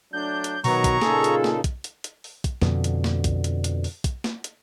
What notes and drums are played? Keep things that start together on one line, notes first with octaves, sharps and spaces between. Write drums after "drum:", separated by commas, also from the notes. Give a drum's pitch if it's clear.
F#3 A3 D4 G6
drum: hi-hat
B2 D#3 F#3 B3 A#5 C#6, drum: open hi-hat
drum: kick, hi-hat
A#2 C#3 D#4 F4 G#4 A4, drum: snare
drum: hi-hat
drum: snare
drum: kick, hi-hat
drum: hi-hat
drum: hi-hat
drum: open hi-hat
drum: kick, hi-hat
F2 B2 D3, drum: snare
drum: hi-hat
drum: snare
drum: kick, hi-hat
drum: hi-hat
drum: hi-hat
drum: open hi-hat
drum: kick, hi-hat
drum: snare
drum: hi-hat